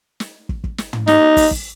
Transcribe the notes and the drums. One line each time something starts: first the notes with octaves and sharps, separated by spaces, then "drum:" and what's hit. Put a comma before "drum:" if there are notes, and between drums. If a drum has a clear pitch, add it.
drum: snare
drum: kick
drum: kick
drum: snare
drum: tom
D#4, drum: snare
drum: kick, open hi-hat
drum: kick